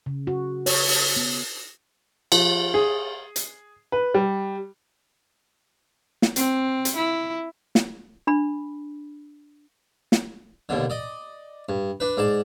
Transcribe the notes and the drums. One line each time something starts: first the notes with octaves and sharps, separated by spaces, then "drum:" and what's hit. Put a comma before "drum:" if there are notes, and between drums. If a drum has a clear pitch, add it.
C#3
F#4
C#5, drum: open hi-hat
drum: open hi-hat
B3
F3, drum: cymbal
G#4
drum: hi-hat
B4
G3
drum: snare
C4, drum: hi-hat
drum: hi-hat
E4
drum: snare
D4 B5
drum: snare
D#2 B2 D3
D5 D#5
G2
D4 B4
G#2 D5 A5